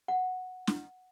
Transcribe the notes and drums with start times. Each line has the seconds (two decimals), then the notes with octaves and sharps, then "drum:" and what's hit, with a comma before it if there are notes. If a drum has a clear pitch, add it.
0.08 F#5
0.67 drum: snare